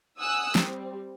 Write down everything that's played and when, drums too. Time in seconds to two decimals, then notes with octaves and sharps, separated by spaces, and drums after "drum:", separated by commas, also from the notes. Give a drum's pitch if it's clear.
0.20 F#5 G#5 D#6 E6 F#6
0.55 G3 C4, drum: snare